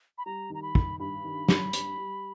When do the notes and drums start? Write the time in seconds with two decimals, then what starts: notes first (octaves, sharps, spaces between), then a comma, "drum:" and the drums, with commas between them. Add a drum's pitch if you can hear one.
0.18 B5
0.26 G3 A#5
0.50 D#3 A#5
0.62 B5
0.75 D#3, drum: kick
1.00 G2 B5
1.24 D#3
1.48 G2, drum: snare
1.73 G3, drum: hi-hat
1.97 G3